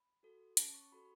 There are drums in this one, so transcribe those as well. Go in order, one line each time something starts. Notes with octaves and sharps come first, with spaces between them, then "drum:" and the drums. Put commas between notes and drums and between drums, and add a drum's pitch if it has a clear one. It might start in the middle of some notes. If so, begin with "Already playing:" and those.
Already playing: B5
F#4 A4
C#4 A5, drum: hi-hat
C#6
F#4 A4 B5